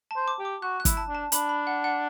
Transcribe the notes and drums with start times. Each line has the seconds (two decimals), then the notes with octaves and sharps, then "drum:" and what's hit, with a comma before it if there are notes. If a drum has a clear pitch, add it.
0.11 A5
0.16 C5
0.28 D6
0.39 G4
0.45 D6
0.62 F#4 F#6
0.80 F#6
0.85 E4, drum: kick, hi-hat
0.97 A5
1.09 D4
1.15 A5
1.32 D4 B5, drum: hi-hat
1.49 B5
1.67 F#5
1.84 F#5